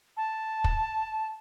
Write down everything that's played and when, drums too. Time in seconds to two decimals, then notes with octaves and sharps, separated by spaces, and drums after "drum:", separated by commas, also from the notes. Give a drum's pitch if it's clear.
0.17 A5
0.64 drum: kick